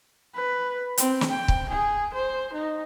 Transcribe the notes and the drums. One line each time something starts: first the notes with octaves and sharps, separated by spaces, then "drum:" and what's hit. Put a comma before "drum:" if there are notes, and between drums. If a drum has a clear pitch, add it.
B4
C4, drum: hi-hat
drum: snare
G5
drum: kick
G#4
C5
D#4